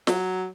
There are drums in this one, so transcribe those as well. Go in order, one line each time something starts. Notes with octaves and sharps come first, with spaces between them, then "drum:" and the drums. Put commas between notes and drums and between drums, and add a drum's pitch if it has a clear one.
F#3, drum: snare